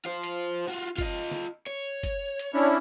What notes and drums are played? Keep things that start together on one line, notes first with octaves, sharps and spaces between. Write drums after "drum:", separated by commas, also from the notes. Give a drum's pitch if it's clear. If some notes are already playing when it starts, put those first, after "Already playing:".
F4 C5
drum: hi-hat
F4 F#4
F4 D#5, drum: kick, hi-hat
drum: snare
C#5
drum: kick, hi-hat
drum: hi-hat
C#4 D4 E4